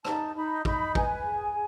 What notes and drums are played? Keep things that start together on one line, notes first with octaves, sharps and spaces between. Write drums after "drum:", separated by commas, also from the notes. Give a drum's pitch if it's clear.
D#4 A5, drum: rim click
D#4 B5
D#4 B5, drum: kick
B4 G#5, drum: kick
G#4